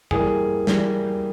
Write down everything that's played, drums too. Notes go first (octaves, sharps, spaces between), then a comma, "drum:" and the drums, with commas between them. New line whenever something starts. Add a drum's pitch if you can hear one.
E3 G3 A#3 G#4, drum: kick
E3 G3 A#3, drum: snare